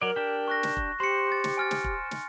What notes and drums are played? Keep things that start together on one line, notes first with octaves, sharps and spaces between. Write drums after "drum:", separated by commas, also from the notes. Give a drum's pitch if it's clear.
F#3 A#4 D5
D4 G4
C#6 F#6 A#6
drum: snare
drum: kick E1
G4 C5 C6 C#7
A6
drum: snare
G#5 F6 A6
drum: snare
drum: kick E1
drum: snare